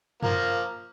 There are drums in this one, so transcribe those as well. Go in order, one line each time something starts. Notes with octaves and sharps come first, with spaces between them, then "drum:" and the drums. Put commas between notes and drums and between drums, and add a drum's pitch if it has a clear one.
F3 A#3 A#4, drum: tom F#2